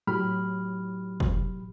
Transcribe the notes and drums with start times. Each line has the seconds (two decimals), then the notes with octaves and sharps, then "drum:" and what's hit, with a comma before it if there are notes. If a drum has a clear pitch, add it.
0.07 A2 F#3 G4 B5 F6
1.20 drum: kick